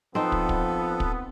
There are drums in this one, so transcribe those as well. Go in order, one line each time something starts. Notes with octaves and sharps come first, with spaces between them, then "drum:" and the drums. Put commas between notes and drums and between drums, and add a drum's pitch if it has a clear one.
F3 B3 C4 D#4 A4
drum: kick
drum: kick
drum: kick